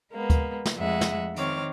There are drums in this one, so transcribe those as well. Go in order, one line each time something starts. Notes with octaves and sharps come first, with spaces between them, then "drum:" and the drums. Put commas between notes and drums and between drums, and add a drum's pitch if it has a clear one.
G#3 A#3 B3
drum: kick D2, hi-hat
drum: snare
F2 G#3 E5 F#5
drum: snare
D#3 C4 C#5 D6 F6, drum: hi-hat